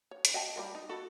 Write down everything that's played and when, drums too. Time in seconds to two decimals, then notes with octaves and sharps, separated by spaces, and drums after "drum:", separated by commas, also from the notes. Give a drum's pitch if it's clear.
0.11 C#5
0.25 drum: hi-hat
0.34 D#5 G5 A5
0.56 G3 G#3 A#4
0.75 D#4
0.89 F#4 A4 B5